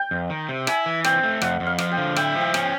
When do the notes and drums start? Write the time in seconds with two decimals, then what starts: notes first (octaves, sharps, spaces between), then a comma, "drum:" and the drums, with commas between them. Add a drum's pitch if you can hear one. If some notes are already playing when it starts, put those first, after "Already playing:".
Already playing: G5
0.11 F2
0.30 D#3
0.49 C3
0.67 E4 G#5, drum: rim click
0.86 E3
1.04 C4 G5, drum: rim click
1.23 A3
1.42 F2 F#5, drum: rim click
1.60 F2
1.66 F5
1.78 F3, drum: rim click
1.92 G5
1.97 D3
2.16 E4 G5, drum: rim click
2.35 F3
2.41 G5
2.54 C#4, drum: rim click